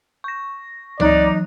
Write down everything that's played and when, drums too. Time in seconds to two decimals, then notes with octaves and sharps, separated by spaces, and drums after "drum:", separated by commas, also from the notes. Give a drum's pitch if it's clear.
0.24 C#6 A#6
1.00 E3 F#3 D#4 D5 F#6, drum: tom C#2